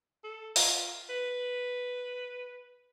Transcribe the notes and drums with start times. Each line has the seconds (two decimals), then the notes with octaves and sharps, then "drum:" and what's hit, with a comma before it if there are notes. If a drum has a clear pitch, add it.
0.24 A4
0.56 F4, drum: open hi-hat
1.10 B4